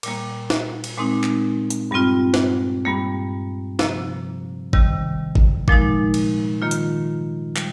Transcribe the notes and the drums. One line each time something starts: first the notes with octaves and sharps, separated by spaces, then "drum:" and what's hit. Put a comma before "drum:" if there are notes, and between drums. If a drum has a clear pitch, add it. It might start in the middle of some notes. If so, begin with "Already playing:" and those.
A#2 G3 A#3, drum: cymbal
drum: snare
drum: cymbal
A#2 G#3 C4 D#4
drum: clap
drum: hi-hat
G2 G3 C4 F4
drum: snare
G2 G3 A#3
C3 F3 A#3, drum: snare
C3 D#3 G3, drum: kick G#1
drum: kick G#1
A#2 F3 G#3 D#4, drum: kick G#1
drum: cymbal
D#3 A#3 F4
drum: hi-hat
G3, drum: clap